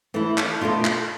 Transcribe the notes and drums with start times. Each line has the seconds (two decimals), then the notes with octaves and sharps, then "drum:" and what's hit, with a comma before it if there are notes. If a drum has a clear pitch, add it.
0.14 E3 A3 E4
0.38 drum: clap
0.61 B2 A3 D4 F4
0.85 drum: clap